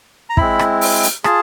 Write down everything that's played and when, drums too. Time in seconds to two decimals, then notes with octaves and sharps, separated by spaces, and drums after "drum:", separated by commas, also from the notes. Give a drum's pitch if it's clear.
0.30 A#5
0.37 G#3 C4 E4 B5, drum: kick
0.59 drum: rim click
0.81 drum: open hi-hat
1.03 drum: hi-hat
1.24 F4 G#4 A5, drum: rim click